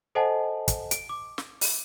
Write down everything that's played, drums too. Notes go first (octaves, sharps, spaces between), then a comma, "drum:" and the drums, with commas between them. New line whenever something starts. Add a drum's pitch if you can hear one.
A4 C5 D#5 F#5 G#5 A5
drum: kick, hi-hat
D7, drum: hi-hat
D6
drum: snare
drum: open hi-hat